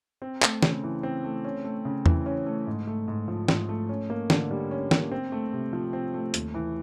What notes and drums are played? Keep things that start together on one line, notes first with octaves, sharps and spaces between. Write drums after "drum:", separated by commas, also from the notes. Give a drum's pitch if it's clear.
C4
A3, drum: clap
C#3, drum: snare
E3
C4
A3
C#4
A3
C#3
E3, drum: tom E2
C#4
A3
G#2
A3
G#2
F3
G#2, drum: snare
A3
C#4
A#3
D3, drum: snare
G3
C#4
A#3, drum: snare
C4
A3
C3
F3
C4
A3
D#2, drum: hi-hat
E3